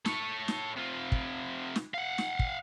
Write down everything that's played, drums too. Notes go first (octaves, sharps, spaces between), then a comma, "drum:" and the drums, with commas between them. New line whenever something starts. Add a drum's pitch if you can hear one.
A4 C#5, drum: snare
drum: snare
C3 F4
drum: kick
drum: snare
F5 F#5
drum: snare
drum: kick